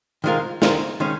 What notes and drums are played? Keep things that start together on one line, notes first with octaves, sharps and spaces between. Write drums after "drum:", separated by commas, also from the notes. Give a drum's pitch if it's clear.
D#3 G#3 C4 F4 A#4
D#3 G#3 C4 F4 A#4, drum: snare
D#3 G#3 C#4